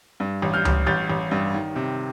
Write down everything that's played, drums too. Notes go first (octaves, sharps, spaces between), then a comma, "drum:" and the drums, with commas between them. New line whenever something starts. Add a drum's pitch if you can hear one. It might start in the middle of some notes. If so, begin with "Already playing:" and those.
G2
A1
F6 G6
A1, drum: tom C#2
A1 G6 A6
A1
G2
D#3
C3